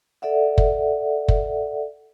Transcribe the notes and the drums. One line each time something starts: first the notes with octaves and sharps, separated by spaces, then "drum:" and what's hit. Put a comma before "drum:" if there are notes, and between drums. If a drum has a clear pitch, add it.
A4 D5 E5 F#5
drum: kick
drum: kick